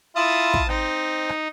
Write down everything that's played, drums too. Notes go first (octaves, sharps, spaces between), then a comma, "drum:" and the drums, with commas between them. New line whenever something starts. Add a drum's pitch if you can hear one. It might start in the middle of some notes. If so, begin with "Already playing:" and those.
E4 F4 A5 D#6
drum: kick
C4 D#4, drum: rim click
drum: rim click